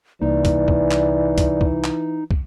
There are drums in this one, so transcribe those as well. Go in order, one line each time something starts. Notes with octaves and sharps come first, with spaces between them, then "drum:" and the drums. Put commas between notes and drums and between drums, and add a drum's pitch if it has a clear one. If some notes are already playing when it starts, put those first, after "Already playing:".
C2 E3 A#3 D#4 D5
drum: kick, hi-hat
drum: kick
drum: clap
drum: kick, hi-hat
drum: kick
drum: clap
drum: kick